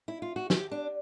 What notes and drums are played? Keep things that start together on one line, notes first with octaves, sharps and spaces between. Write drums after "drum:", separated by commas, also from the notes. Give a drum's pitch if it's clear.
E4
F4
F#4
G4, drum: snare
D4